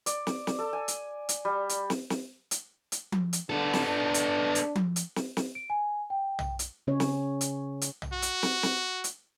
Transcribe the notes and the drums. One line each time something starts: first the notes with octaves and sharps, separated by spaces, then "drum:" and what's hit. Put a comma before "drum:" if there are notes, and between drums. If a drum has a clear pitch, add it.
D5, drum: hi-hat
drum: snare
drum: snare
A4
G#5
drum: hi-hat
drum: hi-hat
G3
drum: hi-hat
drum: snare
drum: snare
drum: hi-hat
drum: hi-hat
drum: tom F3
drum: hi-hat
D3 B3 A4
drum: snare
D4
drum: hi-hat
drum: hi-hat
drum: tom F3
drum: hi-hat
drum: snare
drum: snare
D7
G#5
G5
drum: tom
drum: hi-hat
C#3 C#4 C#5
drum: snare
drum: hi-hat
drum: hi-hat
drum: tom
F#4
drum: hi-hat
drum: snare
drum: snare
drum: hi-hat